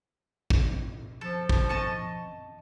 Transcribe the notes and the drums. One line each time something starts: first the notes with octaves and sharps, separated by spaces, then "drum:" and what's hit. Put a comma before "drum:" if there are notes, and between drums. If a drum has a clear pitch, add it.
drum: kick
F3 A4
drum: kick
D#5 A5 C#6